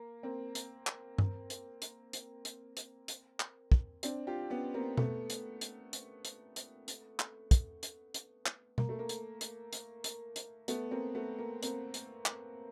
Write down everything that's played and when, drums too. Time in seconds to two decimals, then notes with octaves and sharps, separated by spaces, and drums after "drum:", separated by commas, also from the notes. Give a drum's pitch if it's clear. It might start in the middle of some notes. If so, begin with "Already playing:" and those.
Already playing: A#3
0.23 A#3 C4
0.55 drum: hi-hat
0.87 drum: clap
1.18 drum: tom G2
1.50 drum: hi-hat
1.82 drum: hi-hat
2.13 drum: hi-hat
2.45 drum: hi-hat
2.77 drum: hi-hat
3.08 drum: hi-hat
3.40 drum: clap
3.72 drum: kick
4.03 C4 D4, drum: hi-hat
4.27 F4 G4
4.50 B3 C#4
4.74 A#3 C4
4.97 A3 B3, drum: tom B2
5.30 drum: hi-hat
5.61 drum: hi-hat
5.93 drum: hi-hat
6.25 drum: hi-hat
6.56 drum: hi-hat
6.88 drum: hi-hat
7.20 drum: clap
7.51 drum: kick, hi-hat
7.83 drum: hi-hat
8.14 drum: hi-hat
8.46 drum: clap
8.78 A#3, drum: tom B2
8.89 A3
8.99 A#3
9.09 drum: hi-hat
9.41 drum: hi-hat
9.73 drum: hi-hat
10.04 drum: hi-hat
10.36 drum: hi-hat
10.68 A3 B3, drum: hi-hat
10.91 A#3 C4
11.15 A3 B3
11.39 A#3
11.63 A#3 C4, drum: hi-hat
11.94 drum: hi-hat
12.26 drum: clap